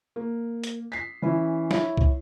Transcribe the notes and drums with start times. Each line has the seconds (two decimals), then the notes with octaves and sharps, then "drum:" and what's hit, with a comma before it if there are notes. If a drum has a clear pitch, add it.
0.16 A#3
0.64 drum: hi-hat
0.92 B6 C7
1.22 E3 C#4 E4
1.71 E4 C#5, drum: snare
1.97 drum: kick C2